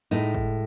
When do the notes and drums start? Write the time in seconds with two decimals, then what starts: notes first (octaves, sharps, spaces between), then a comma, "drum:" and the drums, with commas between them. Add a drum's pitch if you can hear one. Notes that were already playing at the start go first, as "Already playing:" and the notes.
0.11 A2 G#3 D#4
0.34 drum: kick